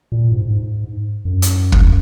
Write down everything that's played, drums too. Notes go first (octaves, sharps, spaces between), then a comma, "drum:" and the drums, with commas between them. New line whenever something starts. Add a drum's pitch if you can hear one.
A#2
G#2
G#2
F#2
drum: hi-hat
drum: kick